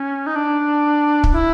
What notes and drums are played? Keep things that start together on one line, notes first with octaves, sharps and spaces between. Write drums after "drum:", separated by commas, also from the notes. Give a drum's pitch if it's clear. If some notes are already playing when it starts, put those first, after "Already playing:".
Already playing: C#4
D#4
D4
drum: kick
E4